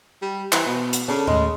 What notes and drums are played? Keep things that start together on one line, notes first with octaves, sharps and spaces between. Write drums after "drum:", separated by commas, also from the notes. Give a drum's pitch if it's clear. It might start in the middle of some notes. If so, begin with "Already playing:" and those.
G3
E3 C5 A#5 B5, drum: clap
B2
drum: hi-hat
C#3 D4 A4 C#5
D#2 A2 G#3 A3